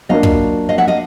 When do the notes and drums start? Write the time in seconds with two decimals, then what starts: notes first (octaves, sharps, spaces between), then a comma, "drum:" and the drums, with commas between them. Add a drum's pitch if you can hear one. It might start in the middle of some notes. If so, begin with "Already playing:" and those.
0.09 F#3 A#3 D4 F4 A#4 D#5 F5
0.23 drum: kick
0.69 D#5 F5
0.78 E5 F#5
0.88 D#5 F5